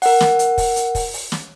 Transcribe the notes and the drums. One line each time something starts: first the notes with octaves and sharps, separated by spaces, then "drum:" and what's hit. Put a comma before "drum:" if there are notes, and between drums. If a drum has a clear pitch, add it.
A#4 F#5, drum: open hi-hat
drum: snare
drum: hi-hat
drum: kick, open hi-hat
drum: hi-hat
drum: kick, open hi-hat
drum: open hi-hat
drum: snare